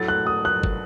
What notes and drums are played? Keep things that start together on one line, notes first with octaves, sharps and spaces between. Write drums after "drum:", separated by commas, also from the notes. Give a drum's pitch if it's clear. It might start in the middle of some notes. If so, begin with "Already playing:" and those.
Already playing: A2 F#3 A3 A6
F#6
D#6
F#6
drum: kick